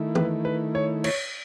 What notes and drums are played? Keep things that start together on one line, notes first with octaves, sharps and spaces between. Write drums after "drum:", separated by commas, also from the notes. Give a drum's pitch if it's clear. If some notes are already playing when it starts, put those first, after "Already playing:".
Already playing: D#3 A3 E4
B4, drum: tom E3
B4
C#5
C#5, drum: cymbal